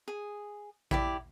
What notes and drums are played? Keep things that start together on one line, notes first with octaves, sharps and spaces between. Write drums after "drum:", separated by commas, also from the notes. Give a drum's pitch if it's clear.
G#4
E4 G4 D5, drum: kick A1